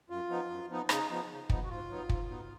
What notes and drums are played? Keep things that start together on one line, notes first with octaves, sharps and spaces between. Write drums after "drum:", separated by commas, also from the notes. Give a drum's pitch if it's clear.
F#2 F4
F3 B3 D#4
F#2
F3 B3 D#4
C#3 D#4, drum: rim click
F3 B3 D#4
C#3
F3 B3 D#4, drum: kick
F#4
G#2 F4
F#3 B3 D#4
G#2, drum: kick
F#3 B3 D#4